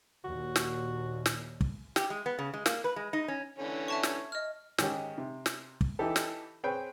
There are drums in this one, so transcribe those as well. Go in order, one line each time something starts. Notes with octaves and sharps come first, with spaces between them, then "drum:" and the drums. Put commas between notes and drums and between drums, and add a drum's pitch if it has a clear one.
D#2 A#2 F#4
drum: snare
drum: snare
drum: kick
G4, drum: snare
G#3
B3
C#3
G#3
A#3, drum: snare
B4
G#3
D#4
C#4
D3 E3 C#4
E5 A5 C#6
G#6, drum: snare
D#5 F6
G#2 D#3 C#4 G4, drum: snare
C3
drum: snare
drum: kick
E3 D#4 E4 G4 A4
drum: snare
C4 G#4 B4 C#5 G5